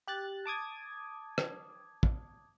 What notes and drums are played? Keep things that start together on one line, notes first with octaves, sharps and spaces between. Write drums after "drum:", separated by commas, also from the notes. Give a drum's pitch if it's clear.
G4 F#6 A6
A5 D6 D#6 G#6
drum: rim click
drum: kick